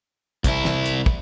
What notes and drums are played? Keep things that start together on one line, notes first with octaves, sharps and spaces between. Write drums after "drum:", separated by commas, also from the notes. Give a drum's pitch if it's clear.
C2 E4, drum: kick, hi-hat
drum: snare
drum: hi-hat
drum: kick